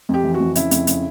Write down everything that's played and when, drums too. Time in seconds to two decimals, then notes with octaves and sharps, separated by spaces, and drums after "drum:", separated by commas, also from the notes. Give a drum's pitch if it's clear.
0.09 F2 G4
0.24 E3
0.34 F#4
0.40 F2
0.55 C#3 E4, drum: hi-hat
0.71 F2, drum: hi-hat
0.87 C#3, drum: hi-hat